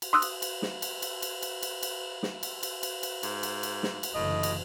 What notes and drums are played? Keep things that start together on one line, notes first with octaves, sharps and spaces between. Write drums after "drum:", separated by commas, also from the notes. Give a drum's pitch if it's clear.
drum: cymbal
C6 D#6 E6 F#6
drum: cymbal
drum: cymbal
drum: snare
drum: cymbal
drum: cymbal
drum: cymbal
drum: cymbal
drum: cymbal
drum: cymbal
drum: snare
drum: cymbal
drum: cymbal
drum: cymbal
drum: cymbal
G#2, drum: cymbal
drum: cymbal
drum: cymbal
drum: snare
drum: cymbal
F#1 A2 D3 E3 D#5
drum: cymbal